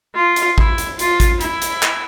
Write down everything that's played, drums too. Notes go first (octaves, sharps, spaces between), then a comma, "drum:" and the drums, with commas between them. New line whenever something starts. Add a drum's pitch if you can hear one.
F4
drum: hi-hat
E4, drum: kick
drum: hi-hat
F4, drum: hi-hat
drum: kick, hi-hat
E4, drum: hi-hat
drum: hi-hat
drum: clap